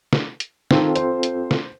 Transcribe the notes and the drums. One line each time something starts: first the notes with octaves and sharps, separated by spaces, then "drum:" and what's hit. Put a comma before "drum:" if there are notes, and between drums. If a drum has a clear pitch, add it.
drum: snare
drum: hi-hat
D#3 C4 F4 A4, drum: snare
C5, drum: hi-hat
drum: hi-hat
drum: snare